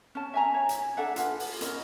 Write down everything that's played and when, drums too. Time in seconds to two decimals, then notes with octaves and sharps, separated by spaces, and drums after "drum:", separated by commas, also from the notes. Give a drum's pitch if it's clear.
0.15 C#4 A5
0.34 E5 G#5 A#5
0.54 C#5
0.69 drum: hi-hat
0.97 D4 A4 E5 F#5
1.16 F4 B4, drum: hi-hat
1.40 drum: open hi-hat
1.61 C#4 A#4 D#5 B5, drum: hi-hat